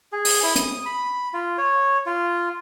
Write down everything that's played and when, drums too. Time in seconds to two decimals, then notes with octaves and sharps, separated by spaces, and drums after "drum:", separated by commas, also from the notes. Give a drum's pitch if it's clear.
0.12 G#4
0.25 drum: open hi-hat
0.43 E4
0.56 D#6, drum: hi-hat
0.86 B5
1.34 F4
1.58 C#5
2.06 F4